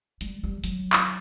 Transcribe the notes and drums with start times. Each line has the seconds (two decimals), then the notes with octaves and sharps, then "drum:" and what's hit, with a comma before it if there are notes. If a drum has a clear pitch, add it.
0.21 G3, drum: hi-hat
0.43 G3
0.64 F#3, drum: hi-hat
0.93 drum: clap